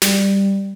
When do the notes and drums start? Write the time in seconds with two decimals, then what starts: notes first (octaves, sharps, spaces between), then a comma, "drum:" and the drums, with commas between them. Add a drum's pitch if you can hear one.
0.02 G3, drum: snare